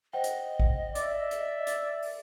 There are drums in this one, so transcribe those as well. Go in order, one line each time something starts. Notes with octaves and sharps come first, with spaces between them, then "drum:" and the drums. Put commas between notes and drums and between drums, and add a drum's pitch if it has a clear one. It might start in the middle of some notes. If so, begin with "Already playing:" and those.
C5 D#5 F#5 G5
drum: hi-hat
drum: kick G#1
D5 E5 D6, drum: hi-hat
drum: hi-hat
drum: hi-hat
drum: open hi-hat